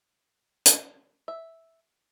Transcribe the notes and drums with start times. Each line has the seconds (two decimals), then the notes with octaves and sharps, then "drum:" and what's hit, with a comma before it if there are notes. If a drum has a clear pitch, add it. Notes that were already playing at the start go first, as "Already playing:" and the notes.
0.66 drum: hi-hat
1.28 E5